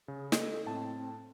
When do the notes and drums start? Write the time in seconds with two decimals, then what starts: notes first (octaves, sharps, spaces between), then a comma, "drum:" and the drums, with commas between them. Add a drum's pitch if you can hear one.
0.08 C#3 G#4
0.32 A4 D#5, drum: snare
0.66 A2 C4 A5